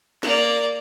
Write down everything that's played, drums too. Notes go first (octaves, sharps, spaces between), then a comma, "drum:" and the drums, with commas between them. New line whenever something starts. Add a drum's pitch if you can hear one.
A#3 D5, drum: snare